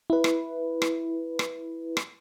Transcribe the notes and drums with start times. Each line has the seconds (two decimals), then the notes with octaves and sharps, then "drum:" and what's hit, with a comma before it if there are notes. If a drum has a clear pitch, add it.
0.10 E4 B4
0.24 drum: rim click
0.82 drum: rim click
1.39 drum: rim click
1.97 drum: rim click